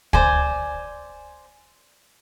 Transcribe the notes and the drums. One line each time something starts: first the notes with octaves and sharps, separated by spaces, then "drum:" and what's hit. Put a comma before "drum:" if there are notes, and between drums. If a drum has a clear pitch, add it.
C5 D5 G#5, drum: kick